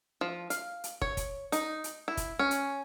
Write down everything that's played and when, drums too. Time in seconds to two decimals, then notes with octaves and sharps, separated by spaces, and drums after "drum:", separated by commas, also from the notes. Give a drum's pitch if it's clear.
0.21 F3
0.50 F5, drum: hi-hat
0.84 drum: hi-hat
1.01 C#5, drum: kick
1.17 drum: kick, hi-hat
1.52 D#4, drum: hi-hat
1.84 drum: hi-hat
2.08 E4
2.17 drum: kick, hi-hat
2.39 C#4
2.51 drum: hi-hat